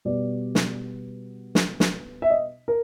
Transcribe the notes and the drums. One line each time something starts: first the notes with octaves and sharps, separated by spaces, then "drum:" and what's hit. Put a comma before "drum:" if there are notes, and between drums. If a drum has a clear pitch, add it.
B2 G3 B3 D5
drum: snare
drum: snare
drum: snare
E5
D#5
A#4